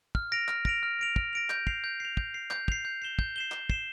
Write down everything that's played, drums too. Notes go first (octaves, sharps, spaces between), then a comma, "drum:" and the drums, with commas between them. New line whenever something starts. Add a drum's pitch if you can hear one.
F6, drum: kick
A#6 D7 F7
F6, drum: clap
A#6 D7 F7, drum: kick
F6
A#6 D7 F7
F6, drum: kick
A#6 D7 F7
G6, drum: clap
C7 F7, drum: kick
G6
C7 F7
G6, drum: kick
C7 F7
G6, drum: clap
C7 F7, drum: kick
G6
C7 E7 G7
G6, drum: kick
C7 E7 G7
G6, drum: clap
C7 E7 G7, drum: kick